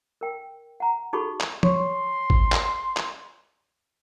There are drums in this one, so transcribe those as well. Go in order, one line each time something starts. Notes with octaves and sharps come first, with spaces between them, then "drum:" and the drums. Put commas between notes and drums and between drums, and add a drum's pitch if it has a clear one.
A#4 G5
F#5 A#5
D#4 F#4 G#4 A4 B5 C#6
drum: clap
C#5 C6 C#6, drum: tom F3
drum: kick G#1
drum: clap
drum: clap